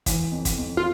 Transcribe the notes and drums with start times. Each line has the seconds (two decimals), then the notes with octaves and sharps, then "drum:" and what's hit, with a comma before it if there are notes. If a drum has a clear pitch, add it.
0.06 E3, drum: kick, hi-hat
0.32 F2
0.45 drum: kick, hi-hat
0.58 F2
0.77 F4